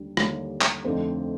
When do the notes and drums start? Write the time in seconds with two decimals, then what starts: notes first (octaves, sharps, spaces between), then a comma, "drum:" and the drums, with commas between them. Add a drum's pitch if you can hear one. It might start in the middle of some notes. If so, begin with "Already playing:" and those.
Already playing: D#2 D3 G3 D4
0.17 D#2 D3 G3 D4, drum: rim click
0.61 drum: clap
0.84 F2 D3 A3 C4 D#4